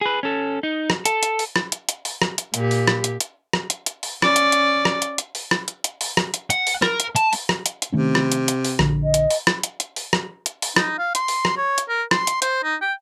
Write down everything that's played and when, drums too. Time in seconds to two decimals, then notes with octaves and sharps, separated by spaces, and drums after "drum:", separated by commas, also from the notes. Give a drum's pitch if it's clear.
0.01 G#4 B4
0.23 C#4 A4
0.63 D#4
0.90 drum: rim click
1.05 A4, drum: hi-hat
1.23 drum: hi-hat
1.39 drum: open hi-hat
1.56 drum: rim click
1.72 drum: hi-hat
1.89 drum: hi-hat
2.05 drum: open hi-hat
2.22 drum: rim click
2.38 drum: hi-hat
2.54 A#2 G4, drum: hi-hat
2.71 drum: open hi-hat
2.88 drum: rim click
3.04 drum: hi-hat
3.20 drum: hi-hat
3.53 drum: rim click
3.70 drum: hi-hat
3.86 drum: hi-hat
4.03 drum: open hi-hat
4.22 C#4 D5, drum: rim click
4.36 drum: hi-hat
4.52 drum: hi-hat
4.85 drum: rim click
5.02 drum: hi-hat
5.18 drum: hi-hat
5.35 drum: open hi-hat
5.51 drum: rim click
5.68 drum: hi-hat
5.84 drum: hi-hat
6.01 drum: open hi-hat
6.17 drum: rim click
6.34 drum: hi-hat
6.50 F#5, drum: hi-hat
6.67 drum: open hi-hat
6.82 A#4, drum: rim click
7.00 drum: hi-hat
7.16 A5, drum: hi-hat
7.33 drum: open hi-hat
7.49 drum: rim click
7.66 drum: hi-hat
7.82 drum: hi-hat
7.92 C3 D#3 A3 C#4
8.15 drum: rim click
8.32 drum: hi-hat
8.48 drum: hi-hat
8.65 drum: open hi-hat
8.79 A#1 D3, drum: rim click
9.03 D#5
9.14 drum: hi-hat
9.30 drum: open hi-hat
9.47 drum: rim click
9.63 drum: hi-hat
9.80 drum: hi-hat
9.96 drum: open hi-hat
10.13 drum: rim click
10.46 drum: hi-hat
10.62 drum: open hi-hat
10.76 D#4, drum: rim click
10.98 F5
11.15 C6, drum: hi-hat
11.28 drum: open hi-hat
11.45 drum: rim click
11.57 C#5
11.78 drum: hi-hat
11.89 A#4
12.11 C6, drum: rim click
12.27 drum: hi-hat
12.42 C5, drum: hi-hat
12.64 D#4
12.81 G5